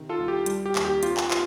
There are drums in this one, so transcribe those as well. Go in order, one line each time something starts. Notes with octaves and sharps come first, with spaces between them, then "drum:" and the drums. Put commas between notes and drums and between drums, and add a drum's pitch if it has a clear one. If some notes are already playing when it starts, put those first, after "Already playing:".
Already playing: C3 D#3
F4 A4
C2
G4
G3, drum: hi-hat
G4
D#2, drum: clap
G4
C4 F4, drum: hi-hat
drum: clap
F4, drum: clap